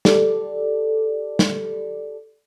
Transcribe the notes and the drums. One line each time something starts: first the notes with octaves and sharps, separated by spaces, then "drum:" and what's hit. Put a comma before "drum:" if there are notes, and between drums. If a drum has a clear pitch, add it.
G4 A4 D5, drum: snare
drum: snare